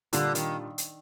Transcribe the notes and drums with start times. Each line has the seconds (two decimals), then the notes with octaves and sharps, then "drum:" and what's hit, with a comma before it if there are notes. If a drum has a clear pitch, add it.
0.13 A#2 D3 G3 D4 F4, drum: hi-hat
0.35 D#3, drum: hi-hat
0.78 drum: hi-hat